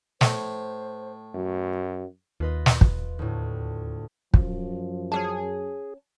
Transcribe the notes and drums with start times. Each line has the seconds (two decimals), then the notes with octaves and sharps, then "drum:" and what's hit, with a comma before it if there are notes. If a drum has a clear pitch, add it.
0.21 A2 C5, drum: snare
1.34 F#2 F#3
2.40 D#2 F4 B4 D#5
2.66 drum: snare
2.81 drum: kick
3.19 D2 A2
4.34 F#2 F3, drum: kick
5.12 C#4 D4 G#4 A5